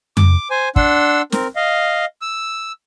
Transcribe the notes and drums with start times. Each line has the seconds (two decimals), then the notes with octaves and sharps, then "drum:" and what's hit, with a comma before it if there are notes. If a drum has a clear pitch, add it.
0.17 D6, drum: tom F2
0.51 C5 G#5
0.76 D4 F#5 C6 E6, drum: kick
1.32 C4 A#4, drum: snare
1.56 D#5 F5
2.22 E6